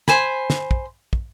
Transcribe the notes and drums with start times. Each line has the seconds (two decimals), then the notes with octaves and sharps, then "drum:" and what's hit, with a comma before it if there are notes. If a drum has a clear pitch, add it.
0.08 C5 G#5 B5, drum: snare
0.50 drum: snare
0.71 drum: kick
1.13 drum: kick